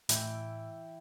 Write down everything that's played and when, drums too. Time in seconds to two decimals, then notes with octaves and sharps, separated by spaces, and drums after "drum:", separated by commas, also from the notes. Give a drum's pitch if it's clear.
0.09 A2 E3 G5 E6, drum: hi-hat